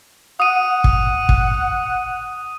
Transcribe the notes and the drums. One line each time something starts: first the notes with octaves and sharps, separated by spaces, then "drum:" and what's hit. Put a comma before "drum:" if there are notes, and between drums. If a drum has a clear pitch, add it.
F#5 D#6 D#7
drum: kick
drum: kick